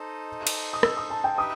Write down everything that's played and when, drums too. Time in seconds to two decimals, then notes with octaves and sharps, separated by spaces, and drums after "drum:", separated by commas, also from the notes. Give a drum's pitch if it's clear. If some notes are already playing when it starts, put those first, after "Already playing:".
Already playing: D#4 A4 C5 D#5
0.47 drum: cymbal
0.73 D#6
0.83 E6, drum: rim click
0.97 D#6
1.10 A5
1.24 G5
1.37 D#4 G4 B4 E5 G5 D#6